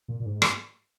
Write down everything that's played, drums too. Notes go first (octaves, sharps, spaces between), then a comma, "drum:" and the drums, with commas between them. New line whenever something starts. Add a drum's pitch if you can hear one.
A#2
A#2
G#2
drum: rim click